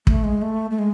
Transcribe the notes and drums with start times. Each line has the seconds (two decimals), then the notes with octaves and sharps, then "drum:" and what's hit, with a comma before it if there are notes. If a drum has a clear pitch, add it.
0.07 A3, drum: kick
0.24 G#3
0.42 A3
0.71 A3
0.79 G#3